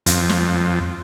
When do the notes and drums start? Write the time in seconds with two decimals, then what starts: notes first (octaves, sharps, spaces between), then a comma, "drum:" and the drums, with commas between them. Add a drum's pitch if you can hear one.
0.06 F2, drum: hi-hat
0.29 drum: snare